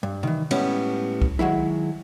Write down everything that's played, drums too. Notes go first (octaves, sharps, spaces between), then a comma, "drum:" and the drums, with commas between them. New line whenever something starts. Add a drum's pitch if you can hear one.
G2
D#3 E3, drum: tom C3
A2 G3 G#3 B3 C#4, drum: cymbal
drum: kick B1
D#3 F#3 G#3 E4